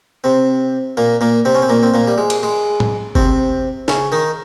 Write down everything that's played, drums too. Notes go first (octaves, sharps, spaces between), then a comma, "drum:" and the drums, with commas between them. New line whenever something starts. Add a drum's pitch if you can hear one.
C3 C4
A#2 A#3
A#2 A#3
C3 C4
C#4
C4
A#2 A#3
C4
A#2 A#3
G3
G#3
drum: cymbal
G#3
drum: tom A2
C3 C4, drum: kick G1
C#3 C#4, drum: snare
D#3 D#4